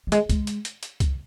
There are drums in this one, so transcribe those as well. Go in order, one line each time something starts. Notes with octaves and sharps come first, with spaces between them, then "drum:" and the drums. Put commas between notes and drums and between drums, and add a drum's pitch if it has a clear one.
G3
G#3, drum: hi-hat
G#3, drum: kick, hi-hat
drum: hi-hat
drum: hi-hat
drum: hi-hat
drum: kick, hi-hat